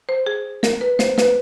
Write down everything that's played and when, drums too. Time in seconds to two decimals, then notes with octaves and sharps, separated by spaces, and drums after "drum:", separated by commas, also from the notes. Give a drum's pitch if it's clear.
0.09 C5
0.26 G#4
0.63 A#4, drum: snare
0.81 B4
0.99 C5, drum: snare
1.18 B4, drum: snare